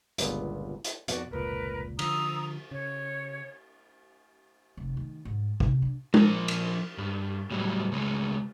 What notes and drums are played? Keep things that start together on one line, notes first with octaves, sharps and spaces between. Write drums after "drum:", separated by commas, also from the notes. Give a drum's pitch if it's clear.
G1 C#2 A#2 B3, drum: hi-hat
drum: hi-hat
F2 B2 F#4 D5, drum: hi-hat
F1 C#2 A#2 A#4 B4
D3 F3 A#5 D#6 E6, drum: cymbal
C#3 C#5
F1
D#3
G#2
C3, drum: kick
D4
F3 A#4, drum: tom G#3
drum: cymbal
G2
A2 F#3 G3
C#3 G#3 A3